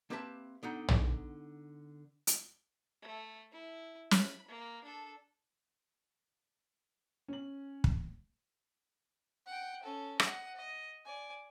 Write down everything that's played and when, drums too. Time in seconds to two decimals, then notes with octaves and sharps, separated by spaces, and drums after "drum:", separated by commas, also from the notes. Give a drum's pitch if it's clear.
0.10 A#3 C4 G4 B4 E5 A5
0.63 D3 B3 D#4
0.88 drum: tom
2.27 drum: hi-hat
3.02 A3
3.52 E4
4.11 B5, drum: snare
4.48 A#3
4.84 D4 A4
7.28 C#4 F#7
7.84 drum: kick
9.46 F#5 G5
9.83 C#4 A4
10.20 D#5 F#5, drum: rim click
10.55 D#5
11.05 D5 G#5